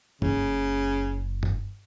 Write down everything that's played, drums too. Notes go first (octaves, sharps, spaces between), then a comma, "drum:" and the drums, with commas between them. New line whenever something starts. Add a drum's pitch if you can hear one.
F#1 C#3 F#3, drum: tom G2
drum: tom G2